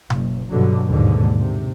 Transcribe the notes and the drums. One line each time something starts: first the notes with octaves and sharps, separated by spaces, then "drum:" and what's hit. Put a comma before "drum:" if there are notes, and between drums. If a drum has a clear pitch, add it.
F#1, drum: tom B2
G2 B2 D3 F#3
D#2 G#2 B2 D3
C3